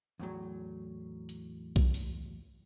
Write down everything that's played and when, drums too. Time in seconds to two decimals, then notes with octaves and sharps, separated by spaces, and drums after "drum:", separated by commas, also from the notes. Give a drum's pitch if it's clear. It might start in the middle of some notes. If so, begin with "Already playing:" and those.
0.19 E2 A2 F#3
1.29 drum: hi-hat
1.76 drum: kick B1
1.94 drum: open hi-hat